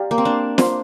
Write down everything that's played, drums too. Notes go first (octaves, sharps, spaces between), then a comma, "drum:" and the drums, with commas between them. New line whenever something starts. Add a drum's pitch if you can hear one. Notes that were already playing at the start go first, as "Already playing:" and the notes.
Already playing: G4 D5 F5 A#5
A#3
C4
D4
C5 F5 C6, drum: snare